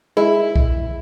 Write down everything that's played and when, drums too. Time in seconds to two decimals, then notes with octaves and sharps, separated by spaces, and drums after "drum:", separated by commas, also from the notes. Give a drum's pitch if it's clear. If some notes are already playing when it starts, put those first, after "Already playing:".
0.17 G#3 E4
0.55 drum: kick B1